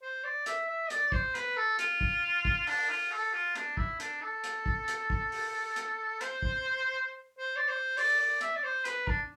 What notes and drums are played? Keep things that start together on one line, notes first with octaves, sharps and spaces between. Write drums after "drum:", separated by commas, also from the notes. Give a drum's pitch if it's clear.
C5
D5
E5, drum: hi-hat
E5
D5, drum: hi-hat
D5
C5, drum: kick
B4, drum: hi-hat
A4
F4, drum: hi-hat
drum: kick
drum: kick
D4, drum: open hi-hat
F4
A4
F4
D4, drum: hi-hat
E4, drum: kick
D4, drum: hi-hat
A4
drum: hi-hat
drum: kick
drum: hi-hat
drum: kick
drum: open hi-hat
drum: hi-hat
C5, drum: hi-hat
drum: kick
C5
D5
C5
D5, drum: open hi-hat
D5
E5, drum: hi-hat
D5
C5
B4, drum: hi-hat
D4, drum: kick